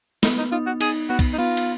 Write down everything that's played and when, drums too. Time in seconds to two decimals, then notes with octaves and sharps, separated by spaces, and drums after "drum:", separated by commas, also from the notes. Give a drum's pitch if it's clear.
0.23 B3 D#4, drum: snare
0.38 D#4
0.52 D#4 F4
0.67 F#4
0.81 D#4 G#4, drum: cymbal
1.09 B3 F#4
1.19 drum: kick, cymbal
1.33 D#4
1.38 B3 F4
1.57 drum: cymbal